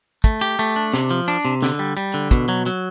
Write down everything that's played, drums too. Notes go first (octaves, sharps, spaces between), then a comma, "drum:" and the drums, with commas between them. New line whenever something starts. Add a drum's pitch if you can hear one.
A3, drum: kick, hi-hat
G4
A3, drum: hi-hat
D4
C3, drum: snare
F3
D4, drum: hi-hat
C3
D3, drum: snare
G3
G3, drum: hi-hat
D3
B2, drum: kick, hi-hat
F#3
F#3, drum: hi-hat